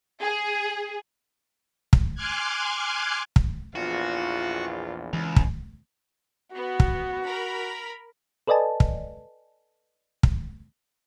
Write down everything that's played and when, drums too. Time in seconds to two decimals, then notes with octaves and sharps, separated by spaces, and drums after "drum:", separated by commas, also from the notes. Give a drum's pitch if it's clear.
0.21 G#4
1.93 drum: kick
2.15 G#5 C6 D6 F6 F#6 G#6
3.36 drum: kick
3.76 A#1 E2 F4 F#4
5.13 C#2 E3
5.36 drum: kick
6.54 B3 F#4
6.80 drum: kick
7.25 A#4 B5
8.47 A4 B4 D5 D#5 G#5 A5
8.80 drum: kick
10.23 drum: kick